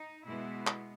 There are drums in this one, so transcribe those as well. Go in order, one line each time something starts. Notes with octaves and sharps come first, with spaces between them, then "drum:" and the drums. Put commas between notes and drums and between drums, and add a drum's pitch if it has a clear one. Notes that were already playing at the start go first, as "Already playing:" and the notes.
Already playing: D#4
B2 G#3 B3 E4
drum: clap